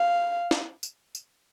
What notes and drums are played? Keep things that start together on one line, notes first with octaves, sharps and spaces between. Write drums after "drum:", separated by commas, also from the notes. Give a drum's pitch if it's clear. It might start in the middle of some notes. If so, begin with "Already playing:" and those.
Already playing: F5
drum: snare
drum: tambourine
drum: tambourine